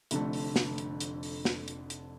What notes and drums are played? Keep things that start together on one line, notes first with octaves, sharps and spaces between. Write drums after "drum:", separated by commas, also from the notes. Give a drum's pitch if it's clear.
F1 F2 D3 A3, drum: hi-hat
drum: open hi-hat
drum: snare
drum: hi-hat
drum: hi-hat
drum: open hi-hat
drum: snare
drum: hi-hat
drum: hi-hat